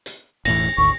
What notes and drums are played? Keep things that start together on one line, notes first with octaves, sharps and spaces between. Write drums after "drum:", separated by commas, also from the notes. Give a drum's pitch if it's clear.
drum: hi-hat
E1 A2 E3 A#6, drum: cymbal
G#1 D2 C#6